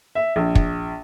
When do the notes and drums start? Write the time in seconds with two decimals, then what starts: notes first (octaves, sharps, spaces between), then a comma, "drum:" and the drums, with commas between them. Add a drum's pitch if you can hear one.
0.15 E5
0.36 A#1
0.55 drum: kick